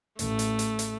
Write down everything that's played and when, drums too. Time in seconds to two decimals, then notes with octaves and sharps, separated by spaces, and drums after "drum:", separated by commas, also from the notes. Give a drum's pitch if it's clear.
0.19 A1 A3, drum: hi-hat
0.39 drum: hi-hat
0.59 drum: hi-hat
0.79 drum: hi-hat